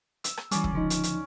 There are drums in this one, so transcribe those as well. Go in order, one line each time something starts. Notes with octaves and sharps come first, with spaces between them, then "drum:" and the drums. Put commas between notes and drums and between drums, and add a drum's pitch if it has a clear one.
E6, drum: hi-hat
drum: rim click
E3 G3 C#4 D5, drum: hi-hat
drum: kick
C#2 D3 F3 D#4
drum: hi-hat
drum: hi-hat